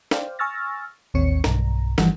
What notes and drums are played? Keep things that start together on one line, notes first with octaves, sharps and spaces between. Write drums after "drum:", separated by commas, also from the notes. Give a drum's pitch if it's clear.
C5 D5 F5 G5, drum: snare
G#5 C#6 E6 F6 A6 A#6
A1 D#2 C4 C#5 C#7
B1 G2 A#5, drum: snare
G1 E3 F3 G3 F#5, drum: snare